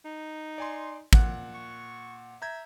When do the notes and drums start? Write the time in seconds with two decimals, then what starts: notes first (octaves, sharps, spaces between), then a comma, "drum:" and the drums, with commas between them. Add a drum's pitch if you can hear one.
0.05 D#4
0.58 D5 G#5 C6
1.13 A#2 F#5 F#6, drum: kick
1.54 C#6
2.42 E5 A#5 G6 G#6